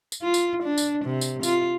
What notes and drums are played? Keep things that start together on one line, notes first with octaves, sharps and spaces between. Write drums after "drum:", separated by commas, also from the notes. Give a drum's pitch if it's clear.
drum: tambourine
F4
drum: tambourine
D4
drum: tambourine
C3
drum: tambourine
F4, drum: tambourine